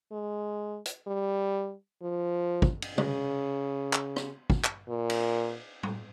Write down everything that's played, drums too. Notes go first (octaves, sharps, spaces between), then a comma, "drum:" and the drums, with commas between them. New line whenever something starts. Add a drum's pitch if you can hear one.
G#3
drum: hi-hat
G3
F3
drum: kick
drum: cymbal
C#3, drum: tom C3
drum: clap
drum: rim click
drum: kick
drum: clap
A#2
drum: cymbal
drum: tom